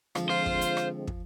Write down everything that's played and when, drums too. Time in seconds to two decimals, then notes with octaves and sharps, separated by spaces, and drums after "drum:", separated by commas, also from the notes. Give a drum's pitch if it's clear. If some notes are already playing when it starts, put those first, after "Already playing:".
0.15 D3 F3 G#3 C4, drum: rim click
0.29 F4 C5
0.46 drum: kick
0.61 drum: hi-hat
0.77 drum: rim click
1.07 drum: kick